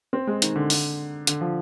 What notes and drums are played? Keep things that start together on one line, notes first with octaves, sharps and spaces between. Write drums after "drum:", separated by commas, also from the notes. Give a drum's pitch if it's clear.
C4
G#3
D#3, drum: hi-hat
D3
drum: open hi-hat
D3, drum: hi-hat
F3